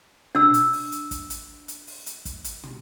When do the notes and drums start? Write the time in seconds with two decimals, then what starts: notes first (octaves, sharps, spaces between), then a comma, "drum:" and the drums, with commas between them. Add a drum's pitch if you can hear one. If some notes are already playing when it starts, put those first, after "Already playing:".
0.35 D4 E6, drum: tom
0.54 drum: hi-hat
0.73 drum: open hi-hat
0.92 drum: hi-hat
1.11 drum: kick, hi-hat
1.30 drum: hi-hat
1.68 drum: hi-hat
1.87 drum: open hi-hat
2.06 drum: hi-hat
2.25 drum: kick, hi-hat
2.44 drum: hi-hat
2.63 drum: tom